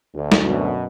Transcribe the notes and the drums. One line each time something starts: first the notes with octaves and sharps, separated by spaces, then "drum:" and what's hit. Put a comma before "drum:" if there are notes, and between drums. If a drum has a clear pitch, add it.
D2
drum: snare
F#2 B2